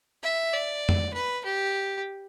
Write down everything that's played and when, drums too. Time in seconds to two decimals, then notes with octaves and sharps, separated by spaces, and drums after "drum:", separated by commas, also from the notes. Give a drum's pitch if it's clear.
0.23 E5
0.53 D5
0.89 drum: tom F2
1.13 B4
1.44 G4